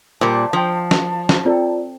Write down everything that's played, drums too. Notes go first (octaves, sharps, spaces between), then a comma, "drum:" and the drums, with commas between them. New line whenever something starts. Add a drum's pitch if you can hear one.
A#2 G3 C5 A5
F3 C5 G5
drum: snare
drum: snare
C4 F4 A4 D5